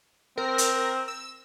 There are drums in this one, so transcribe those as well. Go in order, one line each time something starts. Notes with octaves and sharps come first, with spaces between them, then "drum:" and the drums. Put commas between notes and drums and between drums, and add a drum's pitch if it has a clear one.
C4 A#4
drum: hi-hat
E6